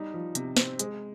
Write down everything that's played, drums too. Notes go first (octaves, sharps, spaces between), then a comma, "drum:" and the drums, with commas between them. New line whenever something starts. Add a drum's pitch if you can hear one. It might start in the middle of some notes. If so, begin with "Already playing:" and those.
Already playing: G3 D#4
F3
C3, drum: hi-hat
C4, drum: snare
G#3, drum: hi-hat